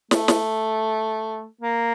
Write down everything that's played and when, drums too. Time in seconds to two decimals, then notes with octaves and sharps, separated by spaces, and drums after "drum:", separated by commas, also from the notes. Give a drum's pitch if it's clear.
0.11 A3, drum: snare
0.28 drum: snare
1.61 A#3